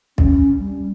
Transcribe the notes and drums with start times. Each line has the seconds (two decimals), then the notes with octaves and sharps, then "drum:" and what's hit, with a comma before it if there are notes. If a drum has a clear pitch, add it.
0.18 C#4, drum: kick
0.60 G3